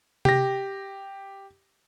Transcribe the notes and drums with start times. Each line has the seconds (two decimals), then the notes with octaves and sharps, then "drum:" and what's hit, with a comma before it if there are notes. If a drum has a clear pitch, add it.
0.25 G4 A#6, drum: tom C3